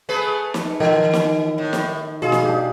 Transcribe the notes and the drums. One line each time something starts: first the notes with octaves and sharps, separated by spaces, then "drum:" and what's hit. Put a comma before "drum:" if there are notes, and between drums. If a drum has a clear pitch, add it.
A3 G#4 B4
drum: snare
D#3 E3
drum: snare
A2
drum: snare
B2 F4 G#4
drum: snare
D4 G4